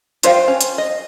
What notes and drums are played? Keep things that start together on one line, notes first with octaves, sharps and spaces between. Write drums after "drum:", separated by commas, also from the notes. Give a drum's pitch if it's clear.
F4 C5 E5 F5 G5, drum: hi-hat
C#4
drum: hi-hat
D#5